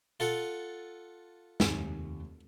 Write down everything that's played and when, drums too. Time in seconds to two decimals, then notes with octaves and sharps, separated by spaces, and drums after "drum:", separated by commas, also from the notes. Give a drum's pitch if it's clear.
0.20 F4 A4 F#5
1.60 F1 D#2 G#5, drum: snare